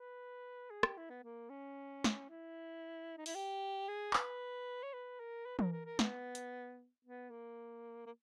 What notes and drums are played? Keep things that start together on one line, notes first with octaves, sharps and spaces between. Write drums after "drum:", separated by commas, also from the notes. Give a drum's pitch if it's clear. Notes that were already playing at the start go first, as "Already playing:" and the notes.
Already playing: B4
G#4
G4, drum: rim click
E4
B3
A#3
C#4
drum: snare
E4
D#4
E4, drum: open hi-hat
G4
G#4
B4, drum: clap
C#5
B4
A#4
B4
A#4, drum: tom E3
A#4
A#4
B3, drum: snare
drum: hi-hat
B3
A#3
A#3